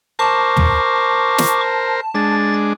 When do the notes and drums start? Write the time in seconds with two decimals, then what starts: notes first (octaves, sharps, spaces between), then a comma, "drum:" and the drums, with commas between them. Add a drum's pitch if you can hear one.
0.19 A#4 C5 A5 C#6 D6
0.57 drum: tom
1.38 drum: snare
2.15 G#3 D4 A6